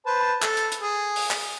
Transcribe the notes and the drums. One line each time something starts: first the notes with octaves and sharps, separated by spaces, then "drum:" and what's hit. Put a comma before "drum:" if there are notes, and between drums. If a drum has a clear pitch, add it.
B4 C5 A5
A4, drum: clap
drum: hi-hat
drum: hi-hat
G#4
drum: open hi-hat
drum: clap